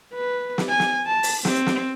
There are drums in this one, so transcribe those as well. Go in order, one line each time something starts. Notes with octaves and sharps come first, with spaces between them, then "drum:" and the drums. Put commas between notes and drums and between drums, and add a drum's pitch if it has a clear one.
B4
drum: snare
G#5
drum: snare
A5
drum: open hi-hat
C4, drum: snare
drum: snare